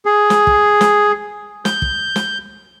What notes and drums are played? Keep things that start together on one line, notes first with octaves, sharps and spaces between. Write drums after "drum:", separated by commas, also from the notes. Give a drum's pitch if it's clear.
G#4
drum: snare
drum: kick
drum: snare
G6, drum: snare
drum: kick
drum: snare